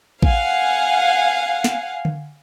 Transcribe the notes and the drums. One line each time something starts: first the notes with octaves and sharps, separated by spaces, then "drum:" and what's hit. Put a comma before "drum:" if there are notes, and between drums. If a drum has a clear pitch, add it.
F5 F#5 G#5, drum: kick A1
drum: snare
drum: tom D3